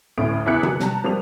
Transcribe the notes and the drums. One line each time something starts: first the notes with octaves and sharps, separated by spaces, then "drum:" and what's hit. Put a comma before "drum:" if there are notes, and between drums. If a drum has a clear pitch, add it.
A1 D2 A2 C#4 D#6 D7
E2 C#3 E4 F#6 C#7
F#3, drum: tom C3
G3 A5 A#5, drum: snare
F3 G3 A#3 D#6 F7